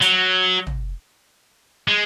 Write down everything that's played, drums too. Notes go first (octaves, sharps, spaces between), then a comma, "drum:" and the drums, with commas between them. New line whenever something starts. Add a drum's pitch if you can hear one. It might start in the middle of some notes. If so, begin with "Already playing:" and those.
F#3, drum: hi-hat
drum: tom
G#3